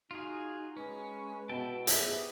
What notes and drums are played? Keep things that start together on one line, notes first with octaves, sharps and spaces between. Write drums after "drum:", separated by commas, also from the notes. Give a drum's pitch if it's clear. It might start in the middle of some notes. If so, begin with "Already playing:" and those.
D#4 F4 F#4 G#4
G#3 C#4 B4
B2 E4 G5 A5
B3 G4 G#4 B4 D#5 E5, drum: hi-hat